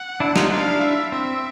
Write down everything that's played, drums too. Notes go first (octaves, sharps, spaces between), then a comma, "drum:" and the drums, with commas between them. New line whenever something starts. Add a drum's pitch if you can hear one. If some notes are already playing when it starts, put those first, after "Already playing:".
Already playing: F#5
D4 E4
D#4 F4, drum: snare
D4 E4 F5
E5
C4 E5